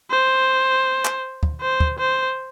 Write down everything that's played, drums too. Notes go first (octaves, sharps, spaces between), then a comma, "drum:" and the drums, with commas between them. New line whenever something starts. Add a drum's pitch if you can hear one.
C5
drum: clap
drum: kick
C5
drum: kick
C5